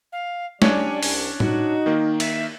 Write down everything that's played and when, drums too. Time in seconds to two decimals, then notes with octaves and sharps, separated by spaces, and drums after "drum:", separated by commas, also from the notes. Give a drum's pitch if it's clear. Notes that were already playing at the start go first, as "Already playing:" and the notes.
0.12 F5
0.62 G3 C#4 D4 C#5 D5 G#5, drum: snare
1.03 C2, drum: open hi-hat
1.40 D#4 F#4, drum: tom A2
1.86 D#3 A#3
2.20 E5, drum: cymbal